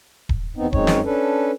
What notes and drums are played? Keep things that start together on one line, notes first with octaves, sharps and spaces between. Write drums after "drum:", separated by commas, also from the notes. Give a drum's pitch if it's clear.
drum: kick D#1
E2 B3 C4 D#4
F#2 G#3 C4 D#4 C#5, drum: kick D#1
drum: snare
C#4 D4 A4 B4